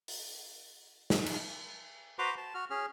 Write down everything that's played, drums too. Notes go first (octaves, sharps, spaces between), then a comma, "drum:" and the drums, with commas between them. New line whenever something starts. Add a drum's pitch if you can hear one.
drum: open hi-hat
drum: snare
drum: cymbal
F#4 B4 C5 A#5 C6 D6
A5
F#4 F6
C#4 G#4 F6